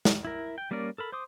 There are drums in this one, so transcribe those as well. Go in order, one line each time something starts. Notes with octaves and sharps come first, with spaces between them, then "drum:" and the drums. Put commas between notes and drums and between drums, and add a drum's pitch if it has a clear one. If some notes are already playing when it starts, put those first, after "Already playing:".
drum: snare
E4 A#4
G5
G3 A#3 C#4 A#4 D5
A4 A#4 B5
C5 C6 D6 D#6